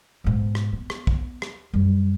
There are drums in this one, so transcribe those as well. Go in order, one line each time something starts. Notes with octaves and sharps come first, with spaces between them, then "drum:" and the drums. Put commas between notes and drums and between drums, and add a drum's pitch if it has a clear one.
G#2 B2
drum: rim click
B3
drum: rim click
drum: kick
drum: rim click
F#2 G3